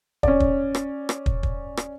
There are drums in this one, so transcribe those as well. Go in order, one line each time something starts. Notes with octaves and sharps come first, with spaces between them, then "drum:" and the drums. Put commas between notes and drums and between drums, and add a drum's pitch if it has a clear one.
C#4 D5, drum: kick
drum: kick
drum: rim click
drum: rim click
drum: kick
drum: kick
drum: rim click